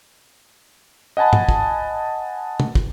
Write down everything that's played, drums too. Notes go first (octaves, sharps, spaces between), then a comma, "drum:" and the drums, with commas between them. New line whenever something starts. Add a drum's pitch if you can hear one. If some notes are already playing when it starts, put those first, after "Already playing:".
D#5 F#5 G#5 A5 B5
drum: tom G#2
drum: kick
drum: tom
drum: kick